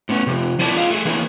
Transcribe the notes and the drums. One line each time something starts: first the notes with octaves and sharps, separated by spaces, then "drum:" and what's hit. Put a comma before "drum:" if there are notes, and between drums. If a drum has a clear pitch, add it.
A2 B3 C#4
C3 F3
F3 B3 E4 D5 A5, drum: open hi-hat
F4 D#5 F5
A3 G#4
E3 A3 A#3 E4 G#4 C#5